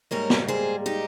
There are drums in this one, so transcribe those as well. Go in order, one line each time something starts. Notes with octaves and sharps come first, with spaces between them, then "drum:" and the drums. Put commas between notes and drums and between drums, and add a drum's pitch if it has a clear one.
G#2 G3 A#3 A#4 C#5
drum: snare
G#4 C5
D#4 G4